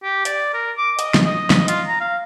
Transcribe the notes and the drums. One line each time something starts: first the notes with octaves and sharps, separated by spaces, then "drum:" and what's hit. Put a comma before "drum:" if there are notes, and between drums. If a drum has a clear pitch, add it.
G4
D5, drum: hi-hat
A#4
D6
D#5, drum: hi-hat
drum: snare
D#5
drum: snare
F4, drum: hi-hat
A#5
F5